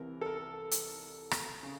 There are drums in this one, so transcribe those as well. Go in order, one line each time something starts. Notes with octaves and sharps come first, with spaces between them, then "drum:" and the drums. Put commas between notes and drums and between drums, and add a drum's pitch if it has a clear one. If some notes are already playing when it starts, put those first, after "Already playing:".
Already playing: C2 C3 E3 A#4
A4
A#4
drum: hi-hat
drum: rim click
C#3